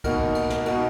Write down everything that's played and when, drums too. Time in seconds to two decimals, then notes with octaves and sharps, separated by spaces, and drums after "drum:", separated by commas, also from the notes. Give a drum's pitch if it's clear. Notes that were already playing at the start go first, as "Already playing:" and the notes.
0.04 B2 A#3 D#4 F#4 A#4, drum: kick, cymbal
0.20 drum: kick
0.35 drum: cymbal
0.50 drum: snare
0.65 B2 A#3 D#4 F#4 A#4, drum: cymbal